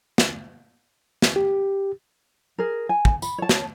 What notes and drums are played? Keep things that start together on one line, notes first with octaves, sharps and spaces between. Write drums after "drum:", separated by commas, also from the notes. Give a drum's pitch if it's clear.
drum: snare
drum: snare
G4
G#4 A#4
G#5
drum: kick
B5, drum: tambourine
C#5 A5
drum: snare